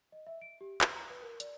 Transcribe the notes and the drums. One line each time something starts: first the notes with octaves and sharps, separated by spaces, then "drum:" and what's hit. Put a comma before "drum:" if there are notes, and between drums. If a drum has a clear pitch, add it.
D#5
E5
D7
G4
C6, drum: clap
A#5
B4
A#4
D5, drum: hi-hat